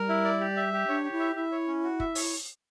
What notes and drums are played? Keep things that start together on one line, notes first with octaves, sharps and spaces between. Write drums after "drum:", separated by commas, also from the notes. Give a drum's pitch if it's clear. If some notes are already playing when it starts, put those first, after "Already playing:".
Already playing: G3 A#4
E4
D5
G4
E5
G4
D4 C#5
G4
E4
E5
E4 E5
C#5
C#4
F#4
E5, drum: kick
C#5, drum: open hi-hat